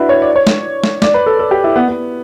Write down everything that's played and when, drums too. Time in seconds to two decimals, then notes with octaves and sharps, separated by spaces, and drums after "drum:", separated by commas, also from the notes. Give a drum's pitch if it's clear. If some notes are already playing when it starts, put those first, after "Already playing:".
Already playing: D4 E4 F#4 B4
0.09 C#5
0.22 D5
0.36 C#5
0.47 drum: snare
0.84 drum: snare
1.02 D5, drum: snare
1.14 B4
1.26 A4
1.39 A4
1.51 G4
1.64 E4
1.76 B3
1.88 B3